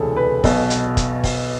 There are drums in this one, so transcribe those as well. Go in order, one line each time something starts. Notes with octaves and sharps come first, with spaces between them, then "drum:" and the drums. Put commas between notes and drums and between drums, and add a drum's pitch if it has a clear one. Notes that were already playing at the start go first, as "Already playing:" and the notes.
Already playing: E1 D2 C3 E3 G#4 A4
B4
B1 B2, drum: kick, open hi-hat
drum: hi-hat
drum: kick, hi-hat
drum: kick, open hi-hat